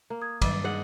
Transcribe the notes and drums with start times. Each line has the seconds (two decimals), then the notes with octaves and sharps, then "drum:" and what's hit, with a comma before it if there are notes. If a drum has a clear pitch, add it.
0.10 A#3
0.22 D#6 G#6
0.42 G2 D#3 F#3 G3 D6 A6, drum: kick, cymbal
0.64 G#2 D#5 F#5